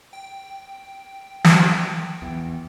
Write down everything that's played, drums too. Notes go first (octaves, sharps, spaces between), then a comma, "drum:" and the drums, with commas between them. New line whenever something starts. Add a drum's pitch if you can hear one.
G5
drum: snare
E2